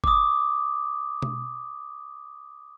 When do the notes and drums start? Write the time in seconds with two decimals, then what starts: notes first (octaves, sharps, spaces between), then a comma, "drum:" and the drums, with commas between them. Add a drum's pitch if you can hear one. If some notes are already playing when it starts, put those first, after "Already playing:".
0.04 D6 D#6, drum: kick G1
1.22 drum: tom B2